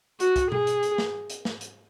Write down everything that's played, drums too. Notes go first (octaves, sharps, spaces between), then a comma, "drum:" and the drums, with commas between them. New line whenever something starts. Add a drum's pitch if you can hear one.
F#4, drum: hi-hat
drum: kick, hi-hat
G#4, drum: tom B2
drum: hi-hat
drum: hi-hat
drum: snare
drum: hi-hat
drum: snare
drum: hi-hat